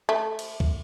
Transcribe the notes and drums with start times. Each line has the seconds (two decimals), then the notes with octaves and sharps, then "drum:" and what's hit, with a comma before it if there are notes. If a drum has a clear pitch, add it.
0.09 A3
0.39 drum: cymbal
0.60 drum: kick